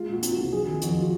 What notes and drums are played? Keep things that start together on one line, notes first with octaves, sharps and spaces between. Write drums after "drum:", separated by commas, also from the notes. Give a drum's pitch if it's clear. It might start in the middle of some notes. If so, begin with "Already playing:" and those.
Already playing: G#3 F4
A#2 F#4
C4, drum: hi-hat
C2 F#4
F#3 G#4
D#3
F2 F#4, drum: hi-hat
F4